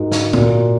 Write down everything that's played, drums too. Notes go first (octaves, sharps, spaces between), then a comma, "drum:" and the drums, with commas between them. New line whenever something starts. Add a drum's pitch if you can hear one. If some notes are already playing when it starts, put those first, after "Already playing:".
Already playing: G#2 G#3 F#4 A#4
drum: snare
A#2 A#3 F#4 A#4, drum: tom